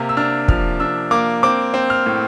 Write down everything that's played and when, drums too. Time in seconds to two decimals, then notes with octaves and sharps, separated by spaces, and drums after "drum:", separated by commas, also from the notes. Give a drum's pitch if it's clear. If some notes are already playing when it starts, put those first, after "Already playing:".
Already playing: C3 A#3
0.09 E6
0.17 D4 F6
0.48 F3 F6, drum: kick
0.80 D4 E6
1.11 A#3 D6
1.43 C4 D6
1.74 C4
1.90 F6
2.06 A2